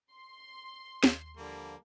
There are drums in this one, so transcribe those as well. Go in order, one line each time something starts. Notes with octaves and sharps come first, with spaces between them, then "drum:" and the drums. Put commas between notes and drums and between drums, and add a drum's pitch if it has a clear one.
C6
D#2, drum: snare
D3 F3 G3 A#3